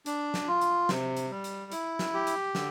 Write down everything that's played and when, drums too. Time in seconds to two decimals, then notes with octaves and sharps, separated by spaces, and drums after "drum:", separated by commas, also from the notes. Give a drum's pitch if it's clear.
0.06 D4, drum: hi-hat
0.34 drum: snare
0.48 F4
0.61 drum: hi-hat
0.89 C3, drum: snare
1.17 drum: hi-hat
1.31 G3
1.44 drum: hi-hat
1.72 E4, drum: hi-hat
1.99 drum: snare
2.14 G4
2.27 drum: hi-hat
2.55 D3, drum: snare